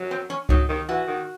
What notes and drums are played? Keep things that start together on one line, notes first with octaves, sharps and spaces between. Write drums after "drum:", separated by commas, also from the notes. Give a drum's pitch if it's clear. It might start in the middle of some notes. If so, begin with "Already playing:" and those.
Already playing: F#3
C4
C#4
F#3 D#4, drum: kick C#2
D#3
E3 F#4
D#3